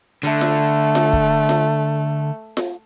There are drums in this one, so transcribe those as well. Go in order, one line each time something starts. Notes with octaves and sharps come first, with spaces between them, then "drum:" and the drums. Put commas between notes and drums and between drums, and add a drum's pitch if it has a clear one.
D3 A3
drum: snare F4
drum: snare F4
drum: kick
drum: snare F4
drum: snare F4